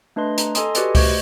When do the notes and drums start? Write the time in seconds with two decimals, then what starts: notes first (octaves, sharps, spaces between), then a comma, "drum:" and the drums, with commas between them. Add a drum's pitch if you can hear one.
0.16 A3 D4 B4 D#5 C6
0.38 A#5, drum: hi-hat
0.55 A4 D#5 G#5 C6 D#6, drum: hi-hat
0.75 F#4 G4 B4 D5 D#5, drum: hi-hat
0.95 A3 C5 D#5 C#6 G#6, drum: kick C#2, open hi-hat